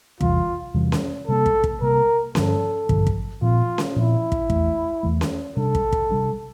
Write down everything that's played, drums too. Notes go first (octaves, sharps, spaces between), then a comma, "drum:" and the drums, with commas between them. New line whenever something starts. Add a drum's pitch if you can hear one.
E2 C3 E3 G3 F4, drum: kick
E2 C3 E3 G3
drum: snare C#4
C3 G3 A#3 A4
drum: kick
drum: kick
C3 G3 A#3 A#4
G2 D3 F3 A4, drum: snare C#4
G2 D3 F3, drum: kick
drum: kick
A#2 F3 C4 F4
drum: snare C#4
A#2 F3 C4 E4
drum: kick
E2 E3 A3, drum: kick
E2 E3 A3
drum: snare C#4
C3 G3 D4 A4
drum: kick
drum: kick
C3 G3 D4